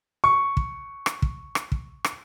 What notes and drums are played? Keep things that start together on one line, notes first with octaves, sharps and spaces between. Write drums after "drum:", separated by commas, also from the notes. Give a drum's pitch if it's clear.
C#6
drum: kick
drum: rim click
drum: kick
drum: rim click
drum: kick
drum: rim click